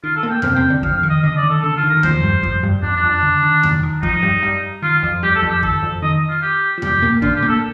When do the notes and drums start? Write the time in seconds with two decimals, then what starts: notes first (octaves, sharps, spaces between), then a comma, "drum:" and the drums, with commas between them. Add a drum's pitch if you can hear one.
0.04 D#3 F4
0.17 A4
0.23 A#2 A#3
0.30 G5
0.42 C3 C4 F5, drum: tom E2
0.55 C3 C4 G5
0.70 D3 D4
0.83 F2 F3 F5, drum: kick
0.97 F5
1.03 D#3
1.10 D#5
1.23 D3 D#5
1.37 D5
1.43 D#3
1.50 A4
1.63 D3 A4
1.77 F4
1.84 D#3
1.90 A#4
1.97 D#3
2.03 F2 F3 C5, drum: tom E2
2.23 G2 G3
2.43 F2 F3, drum: kick
2.63 G2 G3
2.83 F2 F3 D4
2.97 D4
3.03 F2 F3
3.10 D4
3.23 D3
3.43 D#3
3.63 D#3, drum: tom E2
3.83 D#3
4.03 F2 F3 D#4, drum: kick
4.23 G2 G3
4.43 G2 G3
4.82 D#3 F4
5.03 F2 F3
5.22 G2 G3 G4
5.36 A4
5.42 F2 F3
5.49 G4
5.63 D#3 A4, drum: kick
5.83 F2 F3
6.02 D#3 D#5
6.29 F4
6.43 G4
6.78 F3
6.82 G2 G3 G4, drum: tom E2
7.02 A#2 A#3
7.22 D3 D4 F4, drum: kick
7.36 G4
7.42 A#2 A#3
7.49 A4